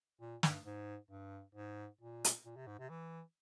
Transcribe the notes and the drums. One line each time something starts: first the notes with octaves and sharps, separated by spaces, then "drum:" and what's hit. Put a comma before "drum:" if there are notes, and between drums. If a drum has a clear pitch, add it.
A#2
G2, drum: snare
G#2
G2
G#2
A#2
drum: hi-hat
A#2
C3
G#2
C3
E3